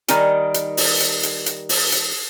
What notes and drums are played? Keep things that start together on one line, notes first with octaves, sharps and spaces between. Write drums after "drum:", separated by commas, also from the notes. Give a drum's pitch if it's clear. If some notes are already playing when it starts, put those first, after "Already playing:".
D#3 G3 D#4 A#4 G#5, drum: hi-hat
drum: hi-hat
drum: open hi-hat
drum: hi-hat
drum: hi-hat
drum: hi-hat
drum: open hi-hat
drum: hi-hat